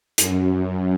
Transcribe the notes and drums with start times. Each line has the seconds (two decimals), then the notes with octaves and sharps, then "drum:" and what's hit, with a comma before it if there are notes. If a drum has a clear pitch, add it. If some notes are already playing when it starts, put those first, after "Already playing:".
0.18 F#2, drum: hi-hat